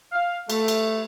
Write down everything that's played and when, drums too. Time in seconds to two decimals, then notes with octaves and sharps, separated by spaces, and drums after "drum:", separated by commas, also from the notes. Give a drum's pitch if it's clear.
0.12 F5
0.50 A3, drum: cymbal
0.68 drum: cymbal